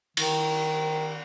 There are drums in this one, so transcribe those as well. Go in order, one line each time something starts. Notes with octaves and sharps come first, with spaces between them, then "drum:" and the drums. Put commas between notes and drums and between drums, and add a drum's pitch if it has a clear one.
D#3, drum: cymbal